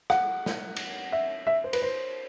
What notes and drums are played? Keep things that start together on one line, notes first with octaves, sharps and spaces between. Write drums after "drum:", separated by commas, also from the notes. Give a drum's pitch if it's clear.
F#5, drum: rim click
drum: snare
drum: cymbal
E5
E5
C5
B4, drum: cymbal
C5